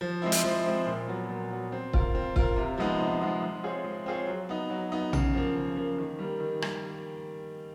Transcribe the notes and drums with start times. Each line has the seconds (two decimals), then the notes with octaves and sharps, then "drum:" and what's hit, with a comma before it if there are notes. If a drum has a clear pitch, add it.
0.01 F3
0.22 G#3 C4 E4
0.32 drum: hi-hat
0.44 F3
0.64 G#3 C4 E4
0.86 A#2
1.08 F#3 B3
1.29 A#2
1.51 F#3 B3
1.72 C4
1.94 F4 A#4, drum: kick
2.15 C4
2.36 F4 A#4, drum: kick
2.56 C3
2.78 F3 G#3 B3 D#4
2.99 C3
3.21 F3 G#3 B3 D#4
3.43 G#3
3.63 C4 F4 G#4 C#5
3.84 G#3
4.06 C4 F4 G#4 C#5
4.27 F#3
4.49 B3 D#4
4.70 F#3
4.92 B3 D#4
5.13 C#3, drum: tom A#1
5.33 F3 A#3
5.55 C#3
5.77 F3 A#3
5.98 D#3
6.19 G3 A#3
6.40 D#3
6.62 G3 A#3, drum: rim click